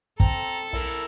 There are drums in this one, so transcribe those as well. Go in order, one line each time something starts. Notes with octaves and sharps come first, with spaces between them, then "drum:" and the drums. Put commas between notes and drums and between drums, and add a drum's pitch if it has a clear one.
C4 A4 A#5, drum: kick
B1 E4 A#4